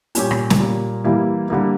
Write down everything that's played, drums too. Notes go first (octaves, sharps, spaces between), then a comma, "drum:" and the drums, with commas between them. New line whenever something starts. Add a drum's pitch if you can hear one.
A#2 G3 C#4 G4, drum: hi-hat
drum: rim click
drum: snare
A#2 G3 A#3
E3 G3 A#3 E4
D3 G3 A#3 E4